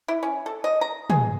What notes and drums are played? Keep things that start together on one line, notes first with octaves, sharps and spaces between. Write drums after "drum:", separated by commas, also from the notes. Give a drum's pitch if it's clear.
E4
C#4
A4
D#5
A#5
G#4, drum: tom